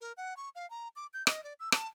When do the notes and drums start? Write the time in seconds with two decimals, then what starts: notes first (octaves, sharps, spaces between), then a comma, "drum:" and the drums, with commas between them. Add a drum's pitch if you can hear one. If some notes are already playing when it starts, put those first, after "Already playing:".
0.01 A#4
0.17 F#5
0.37 C#6
0.55 F5
0.70 A#5
0.96 D6
1.14 G6
1.27 D#5, drum: rim click
1.44 D5
1.60 E6
1.72 A5, drum: rim click